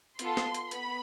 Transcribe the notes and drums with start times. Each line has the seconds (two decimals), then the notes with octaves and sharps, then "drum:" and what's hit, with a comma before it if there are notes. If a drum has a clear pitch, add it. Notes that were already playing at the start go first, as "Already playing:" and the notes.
0.19 B3 F4 A4 C6, drum: hi-hat
0.37 drum: snare
0.54 drum: hi-hat
0.71 B3 B5, drum: hi-hat